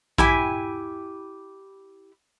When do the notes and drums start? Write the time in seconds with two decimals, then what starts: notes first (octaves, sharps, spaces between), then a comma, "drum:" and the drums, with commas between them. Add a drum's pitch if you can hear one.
0.18 E4 G4 G#5, drum: kick A#1